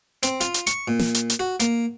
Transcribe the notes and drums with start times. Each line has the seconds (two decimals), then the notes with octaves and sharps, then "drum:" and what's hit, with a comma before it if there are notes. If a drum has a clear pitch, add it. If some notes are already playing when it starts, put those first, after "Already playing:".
0.23 C4, drum: hi-hat
0.41 F4, drum: hi-hat
0.54 drum: hi-hat
0.67 C#6, drum: hi-hat
0.88 A#2
0.99 drum: snare
1.15 drum: hi-hat
1.30 drum: hi-hat
1.40 F#4
1.60 A#3, drum: hi-hat